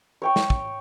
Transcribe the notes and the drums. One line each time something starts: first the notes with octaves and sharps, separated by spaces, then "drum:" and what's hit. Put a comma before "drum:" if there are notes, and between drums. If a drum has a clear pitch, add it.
C#5 G5 C#6
drum: snare
drum: kick